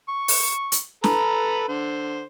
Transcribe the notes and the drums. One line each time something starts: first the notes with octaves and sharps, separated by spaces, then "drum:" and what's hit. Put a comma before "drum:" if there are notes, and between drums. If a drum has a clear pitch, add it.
C#6
drum: open hi-hat
drum: hi-hat
A4 B4 A#5, drum: snare
D3 C5